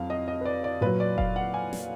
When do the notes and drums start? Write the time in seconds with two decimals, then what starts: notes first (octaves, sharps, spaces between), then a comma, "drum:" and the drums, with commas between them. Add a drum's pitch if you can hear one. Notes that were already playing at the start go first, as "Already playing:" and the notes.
Already playing: F2 F#3 F5
0.10 D#5
0.28 D#5
0.41 B4
0.45 D5
0.64 D5
0.81 A#2 F#3 B4
1.00 D5
1.18 F5, drum: kick F1
1.36 F#5
1.54 G#5
1.73 drum: snare